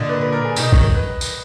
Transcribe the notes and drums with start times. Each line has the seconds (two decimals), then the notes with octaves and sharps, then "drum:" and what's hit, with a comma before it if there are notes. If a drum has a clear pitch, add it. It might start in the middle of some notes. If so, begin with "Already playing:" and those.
Already playing: A#2 D3 D5 D#5
0.09 B4
0.21 B4
0.32 A#4
0.45 G#4
0.56 B2 D#3 D#5, drum: tambourine
0.72 D#3 F#3, drum: kick B1
0.95 B4
1.21 drum: tambourine